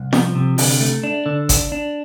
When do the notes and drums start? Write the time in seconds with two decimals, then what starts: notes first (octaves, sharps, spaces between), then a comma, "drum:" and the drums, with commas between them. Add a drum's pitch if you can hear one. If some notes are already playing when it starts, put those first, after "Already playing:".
Already playing: C2
0.13 F3, drum: snare F4
0.35 C3
0.58 D3, drum: open hi-hat
0.81 A3
1.03 D4
1.26 D3
1.49 D4, drum: kick G#1, hi-hat
1.72 D4